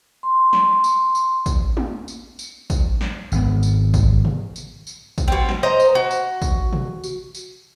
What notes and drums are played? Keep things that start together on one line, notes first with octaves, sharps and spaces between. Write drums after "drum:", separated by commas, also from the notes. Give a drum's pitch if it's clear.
C6
drum: snare
drum: tambourine
drum: tambourine
drum: kick, tambourine
drum: tom
drum: tambourine
drum: tambourine
drum: kick, tambourine
drum: snare
G#1 G#2 B3, drum: tambourine
drum: tambourine
drum: kick, tambourine
drum: tom
drum: tambourine
drum: tambourine
drum: kick, tambourine
B2 C4
drum: snare
C5 D#5 A#5
drum: tambourine
F#4
drum: tambourine
drum: kick, tambourine
drum: tom
drum: tambourine
drum: tambourine